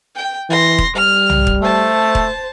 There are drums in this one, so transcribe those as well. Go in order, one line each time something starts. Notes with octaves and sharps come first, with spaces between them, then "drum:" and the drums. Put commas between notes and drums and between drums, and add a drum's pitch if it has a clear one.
G5
E3 C6 A#6
drum: kick
G3 F6
drum: tom
drum: kick
A3 C5 A5
drum: kick